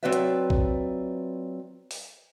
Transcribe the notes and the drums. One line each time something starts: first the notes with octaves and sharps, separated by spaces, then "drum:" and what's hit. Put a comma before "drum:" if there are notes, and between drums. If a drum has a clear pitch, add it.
F#3 C4 F4 B4 D5 E5
drum: hi-hat
drum: kick
drum: open hi-hat